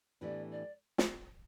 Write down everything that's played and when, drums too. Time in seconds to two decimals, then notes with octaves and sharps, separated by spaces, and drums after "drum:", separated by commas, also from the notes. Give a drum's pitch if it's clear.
0.21 A2 E3 B3 D4 G4 D5
0.51 D5
0.98 drum: snare